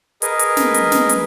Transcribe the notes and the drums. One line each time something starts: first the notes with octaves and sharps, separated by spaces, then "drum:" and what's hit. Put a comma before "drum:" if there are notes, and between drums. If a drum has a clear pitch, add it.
G#4 A#4 B4 D#5, drum: hi-hat
drum: hi-hat
drum: snare
drum: hi-hat
drum: snare
drum: hi-hat